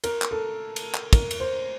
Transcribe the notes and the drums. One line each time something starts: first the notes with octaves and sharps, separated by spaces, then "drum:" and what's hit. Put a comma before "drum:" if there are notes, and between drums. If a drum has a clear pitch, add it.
A#4, drum: cymbal
drum: clap
A4
drum: cymbal
drum: clap
A#4, drum: kick, cymbal
drum: cymbal
C5